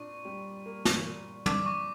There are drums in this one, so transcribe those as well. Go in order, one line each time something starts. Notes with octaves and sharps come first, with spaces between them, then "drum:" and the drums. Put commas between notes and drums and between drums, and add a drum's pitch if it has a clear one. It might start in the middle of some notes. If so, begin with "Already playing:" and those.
Already playing: A#2 D4 C#6
G3
A#3
drum: snare
A#2
D4 D6, drum: tom
C#6